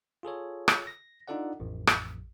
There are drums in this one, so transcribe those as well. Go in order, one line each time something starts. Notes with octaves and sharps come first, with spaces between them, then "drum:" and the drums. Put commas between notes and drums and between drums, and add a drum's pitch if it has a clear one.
F4 G#4 A4 C#5
drum: rim click
A#6
D4 D#4 F4 A4 D5 F#5
A1 F2
drum: rim click